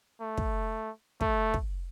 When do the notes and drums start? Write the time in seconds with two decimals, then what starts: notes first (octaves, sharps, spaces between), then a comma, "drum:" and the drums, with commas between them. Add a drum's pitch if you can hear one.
0.21 A3
0.38 drum: kick
1.21 A3, drum: kick
1.54 drum: kick